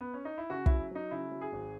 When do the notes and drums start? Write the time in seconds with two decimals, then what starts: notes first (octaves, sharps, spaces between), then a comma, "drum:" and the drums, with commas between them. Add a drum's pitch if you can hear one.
0.01 B3
0.14 C#4
0.25 D#4
0.38 E4
0.50 C#3 F#4
0.66 F#3 E4, drum: kick
0.91 F#3 D#4
1.11 C#3 E4
1.31 F#3
1.41 G#4
1.52 G#1